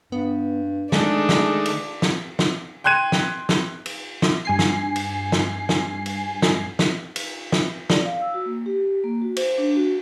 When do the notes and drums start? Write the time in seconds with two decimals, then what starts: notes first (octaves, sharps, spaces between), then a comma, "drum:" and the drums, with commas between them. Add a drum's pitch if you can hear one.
0.12 G2 B3
0.92 D#3 G#3 A3 D4 G#4, drum: snare
1.29 drum: snare
1.66 drum: cymbal
2.02 drum: snare
2.39 drum: snare
2.84 G5 C6 F#6 G#6 D#7
3.12 drum: snare
3.49 drum: snare
3.86 drum: cymbal
4.22 drum: snare
4.45 G2 G#5 C7
4.59 drum: snare
4.96 drum: cymbal
5.32 drum: snare
5.69 drum: snare
6.06 drum: cymbal
6.42 drum: snare
6.79 drum: snare
7.16 drum: cymbal
7.52 drum: snare
7.90 D5, drum: snare
8.05 F5
8.21 E6
8.34 F#4
8.46 A#3
8.66 G4
9.04 A#3
9.22 F#4
9.37 C5, drum: cymbal
9.58 D4
9.76 F#4